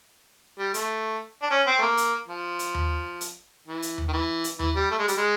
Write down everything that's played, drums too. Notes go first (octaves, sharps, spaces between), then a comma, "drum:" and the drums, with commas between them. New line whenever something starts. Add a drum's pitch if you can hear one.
G3
A3, drum: hi-hat
D4
C#4
C4
A3
A#3
drum: hi-hat
F3
drum: hi-hat
drum: tom D#2
drum: hi-hat
E3
drum: hi-hat
drum: tom D#2
D#3
E3
drum: hi-hat
E3, drum: tom D#2
G3
A3
G#3
G3, drum: hi-hat
G#3